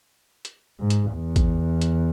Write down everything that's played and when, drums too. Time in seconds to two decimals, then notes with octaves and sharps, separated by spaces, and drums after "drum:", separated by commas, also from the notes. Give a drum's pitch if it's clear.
0.45 drum: hi-hat
0.80 G#2
0.90 drum: hi-hat
1.14 E2
1.36 drum: kick A1, hi-hat
1.82 drum: hi-hat